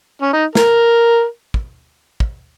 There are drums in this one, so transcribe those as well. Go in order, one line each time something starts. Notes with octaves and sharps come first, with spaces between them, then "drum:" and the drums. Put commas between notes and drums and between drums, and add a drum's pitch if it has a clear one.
C#4
D#4
A#4, drum: snare
drum: kick
drum: kick